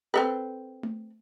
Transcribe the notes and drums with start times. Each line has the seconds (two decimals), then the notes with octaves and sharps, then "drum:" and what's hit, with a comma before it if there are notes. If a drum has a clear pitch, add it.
0.14 C4 A4 B4
0.83 drum: tom A3